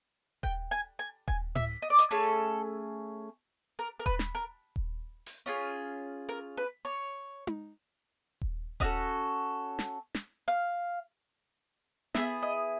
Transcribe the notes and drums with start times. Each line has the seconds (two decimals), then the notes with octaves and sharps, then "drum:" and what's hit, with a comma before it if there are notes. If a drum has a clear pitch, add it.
0.43 G5, drum: kick D#1
0.71 G#5
0.99 G#5
1.28 G#5, drum: kick D#1
1.55 E5, drum: tom A2
1.82 D#5
1.90 D5
1.98 D#5, drum: hi-hat
2.11 A3 C#4 G#4 A4
3.79 A#4
3.99 A#4
4.06 B4, drum: kick D#1
4.19 drum: snare
4.35 A#4
4.76 drum: kick D#1
5.26 drum: open hi-hat
5.46 C#4 F4 G#4
6.29 A#4
6.57 B4
6.85 C#5
7.47 drum: tom D#4
8.41 drum: kick D#1
8.80 C#4 F#4 A4 D#5, drum: kick D#1
9.79 drum: snare
10.15 drum: snare
10.48 F5
12.14 B3 E4 G#4 E5, drum: snare
12.43 D#5